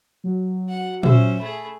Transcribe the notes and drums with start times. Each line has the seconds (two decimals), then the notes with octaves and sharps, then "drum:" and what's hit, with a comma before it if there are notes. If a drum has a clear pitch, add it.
0.24 F#3
0.69 F#5
1.03 C#4 C5 E5, drum: tom A#2
1.40 A3 G#4 B5